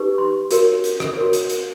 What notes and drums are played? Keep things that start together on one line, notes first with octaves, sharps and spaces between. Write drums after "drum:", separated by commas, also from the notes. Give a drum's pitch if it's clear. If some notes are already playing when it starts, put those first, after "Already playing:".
Already playing: D#4 G4 B4
C6
F#4 A#4 C#5, drum: hi-hat
drum: hi-hat
drum: rim click
F#4 A#4 C#5
drum: hi-hat
drum: hi-hat